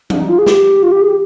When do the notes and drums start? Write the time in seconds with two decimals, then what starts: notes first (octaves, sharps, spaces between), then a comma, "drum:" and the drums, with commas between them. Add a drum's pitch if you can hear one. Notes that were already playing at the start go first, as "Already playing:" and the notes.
0.10 D4, drum: tom
0.19 D#4
0.29 F4
0.38 G#4
0.46 G4, drum: snare
0.82 F4
0.91 G4
1.01 G#4
1.09 G4